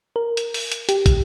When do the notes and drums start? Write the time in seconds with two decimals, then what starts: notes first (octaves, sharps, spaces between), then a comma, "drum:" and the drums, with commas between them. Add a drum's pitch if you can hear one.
0.16 A#4
0.37 drum: hi-hat
0.54 drum: open hi-hat
0.72 drum: hi-hat
0.89 G4, drum: hi-hat
1.06 drum: kick, hi-hat